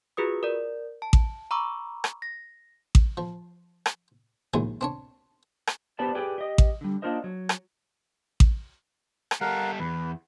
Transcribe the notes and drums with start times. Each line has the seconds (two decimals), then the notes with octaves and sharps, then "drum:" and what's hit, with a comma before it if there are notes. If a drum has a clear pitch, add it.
0.17 F4 F#4 G#4 B4 D#6
0.43 A#4 D5
1.02 A5
1.13 drum: kick A1
1.51 A#5 B5 C#6 D6 E6
2.04 drum: rim click
2.22 A#6
2.95 drum: kick A1
3.17 F3
3.86 drum: rim click
4.54 A#1 D#2 F#3 G#3 E4 G#5
4.81 C4 D4 C#5
5.67 drum: rim click
5.99 B3 G4 B4 C5 D5 A5
6.15 G4 G#4 B4 D5
6.38 G4 D#5
6.58 drum: kick A1
6.81 D3 G3
7.02 A#3 D4 F4 A#4 C5 D#5
7.24 F#3
7.49 drum: rim click
8.40 drum: kick A1
9.31 drum: rim click
9.41 G3 A4 A#4 F5 F#5
9.80 E2 B4